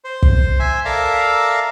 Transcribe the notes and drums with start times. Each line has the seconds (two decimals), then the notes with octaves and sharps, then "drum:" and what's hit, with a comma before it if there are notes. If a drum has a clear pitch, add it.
0.04 C5
0.23 drum: kick
0.60 E5 G#5
0.85 A4 A#4 D5 E5 F5 A#5